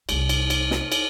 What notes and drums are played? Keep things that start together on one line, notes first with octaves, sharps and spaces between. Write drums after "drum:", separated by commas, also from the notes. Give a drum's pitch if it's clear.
C2 G3, drum: cymbal
drum: cymbal
drum: cymbal
drum: snare
drum: cymbal